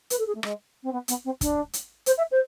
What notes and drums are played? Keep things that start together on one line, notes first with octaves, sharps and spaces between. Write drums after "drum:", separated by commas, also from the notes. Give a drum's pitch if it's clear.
B4, drum: hi-hat
A4
G#4
A3
G#3, drum: rim click
C4
B3
B3, drum: hi-hat
C4
D4, drum: kick, hi-hat
drum: hi-hat
C5, drum: hi-hat
E5
C5